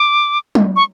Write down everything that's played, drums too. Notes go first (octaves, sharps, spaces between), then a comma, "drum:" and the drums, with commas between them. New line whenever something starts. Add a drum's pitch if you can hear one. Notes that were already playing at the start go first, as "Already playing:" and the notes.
Already playing: D6
drum: tom F#3
C#6